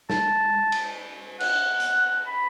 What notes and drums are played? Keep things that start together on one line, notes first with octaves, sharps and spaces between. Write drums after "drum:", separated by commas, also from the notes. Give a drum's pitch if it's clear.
A5, drum: snare
drum: cymbal
F#5, drum: cymbal
drum: hi-hat
B5